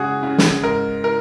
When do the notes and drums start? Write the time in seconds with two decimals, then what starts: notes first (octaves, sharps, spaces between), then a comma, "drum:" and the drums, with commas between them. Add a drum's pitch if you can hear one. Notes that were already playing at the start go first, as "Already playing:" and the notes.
Already playing: C#3 G#3 F#4 G#4
0.23 C#3
0.38 drum: snare
0.63 G#2 A#4
1.04 A#4